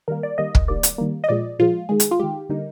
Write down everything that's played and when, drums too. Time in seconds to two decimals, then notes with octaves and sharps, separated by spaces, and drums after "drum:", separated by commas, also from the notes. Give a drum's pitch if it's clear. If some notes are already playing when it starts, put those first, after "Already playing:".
0.08 D#3 G3 A#3 A#4
0.23 D5
0.38 D#3 G3 A#3 D#5
0.55 drum: kick
0.68 D#3 G3 A#3 D5
0.83 drum: hi-hat
0.98 D#3 G3 A#3
1.24 D#5
1.29 A#2 F3 G#3 D5
1.59 A#2 F3 G#3 F4
1.89 D#3 G#3 G#4
2.00 drum: hi-hat
2.11 F4
2.20 D#3 G#3 G4
2.49 D3 G3 A#3 D#4